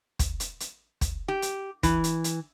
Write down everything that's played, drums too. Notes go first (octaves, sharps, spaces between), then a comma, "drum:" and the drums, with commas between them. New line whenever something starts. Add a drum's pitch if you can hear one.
drum: kick, hi-hat
drum: hi-hat
drum: hi-hat
drum: kick, hi-hat
G4
drum: hi-hat
E3, drum: kick, hi-hat
drum: hi-hat
drum: hi-hat